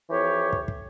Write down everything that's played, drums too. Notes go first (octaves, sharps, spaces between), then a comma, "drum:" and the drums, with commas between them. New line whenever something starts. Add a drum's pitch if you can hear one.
F2 E3 G4 C#5
drum: kick
drum: kick